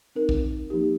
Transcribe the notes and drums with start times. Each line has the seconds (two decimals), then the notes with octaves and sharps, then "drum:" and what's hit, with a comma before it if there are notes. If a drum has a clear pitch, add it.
0.15 C4 D#4 A#4
0.29 drum: kick
0.70 F3 A#3 D#4 G4